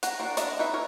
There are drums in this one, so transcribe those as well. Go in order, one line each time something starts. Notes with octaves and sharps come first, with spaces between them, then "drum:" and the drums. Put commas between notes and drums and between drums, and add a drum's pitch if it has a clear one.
F#5 A#5, drum: hi-hat
A#3 D4 F#4
D4 A4 D#5 E5 A5, drum: hi-hat
D#4 B4 E5
A4 A#4 C#5